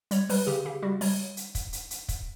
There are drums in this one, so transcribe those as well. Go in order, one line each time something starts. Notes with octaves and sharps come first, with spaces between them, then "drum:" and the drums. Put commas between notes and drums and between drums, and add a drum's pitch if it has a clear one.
G3 C#5, drum: hi-hat
G3 B4, drum: open hi-hat
C#3 G4
C#3 G4
G3 F#4
G3 C#5, drum: open hi-hat
drum: hi-hat
drum: kick, hi-hat
drum: hi-hat
drum: hi-hat
drum: kick, hi-hat